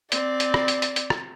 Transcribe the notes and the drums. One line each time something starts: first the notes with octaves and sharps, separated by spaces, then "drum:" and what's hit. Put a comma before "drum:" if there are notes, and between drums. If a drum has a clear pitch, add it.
C4 D5, drum: hi-hat
drum: hi-hat
drum: rim click
drum: hi-hat
drum: hi-hat
drum: hi-hat
drum: rim click